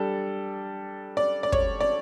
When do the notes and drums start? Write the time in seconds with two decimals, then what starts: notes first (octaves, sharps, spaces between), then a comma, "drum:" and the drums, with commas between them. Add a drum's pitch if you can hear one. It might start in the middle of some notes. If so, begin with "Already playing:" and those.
Already playing: G3 D4 A4
1.17 D5
1.43 D5
1.52 C#5, drum: kick
1.80 D5